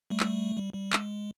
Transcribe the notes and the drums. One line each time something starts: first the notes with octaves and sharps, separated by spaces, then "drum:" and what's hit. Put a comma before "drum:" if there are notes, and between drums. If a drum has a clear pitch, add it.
G3 A3
drum: clap
G3
G3
G#3, drum: clap